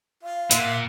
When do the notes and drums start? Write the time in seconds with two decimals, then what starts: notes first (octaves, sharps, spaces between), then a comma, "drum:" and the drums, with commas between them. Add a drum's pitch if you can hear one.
0.23 F4 F5
0.51 A#2 E5 F#5 C6, drum: hi-hat